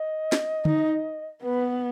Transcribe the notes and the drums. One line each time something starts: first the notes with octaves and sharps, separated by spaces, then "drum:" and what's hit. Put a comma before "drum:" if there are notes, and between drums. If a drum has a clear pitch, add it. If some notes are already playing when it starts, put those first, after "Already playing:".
Already playing: D#5
drum: snare
D#4, drum: tom D3
B3 B4